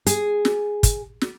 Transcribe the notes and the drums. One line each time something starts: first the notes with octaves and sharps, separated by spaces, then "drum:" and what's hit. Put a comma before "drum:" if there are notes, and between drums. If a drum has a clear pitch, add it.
G#4, drum: hi-hat
drum: snare
drum: kick, hi-hat
drum: snare